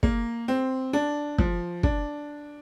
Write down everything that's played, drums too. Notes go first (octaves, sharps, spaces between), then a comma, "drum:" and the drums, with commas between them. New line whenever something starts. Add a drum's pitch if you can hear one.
A#3, drum: kick
C4
D4
F3, drum: kick
D4, drum: kick